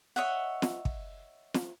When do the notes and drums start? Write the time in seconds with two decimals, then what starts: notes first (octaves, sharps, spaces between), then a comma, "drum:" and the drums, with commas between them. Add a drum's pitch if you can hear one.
0.16 C#5 D#5 E5 F#5
0.62 drum: snare
0.85 drum: kick
1.54 drum: snare